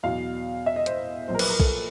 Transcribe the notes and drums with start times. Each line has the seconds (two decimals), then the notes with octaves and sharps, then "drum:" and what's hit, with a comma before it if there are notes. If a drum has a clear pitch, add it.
0.03 E2 B2 F#3 F5
0.66 E5
0.76 D#5
0.86 C5, drum: hi-hat
1.28 B1 A#2 F3 C5
1.35 A#4
1.39 B4, drum: cymbal
1.50 A#4
1.60 A4, drum: kick B1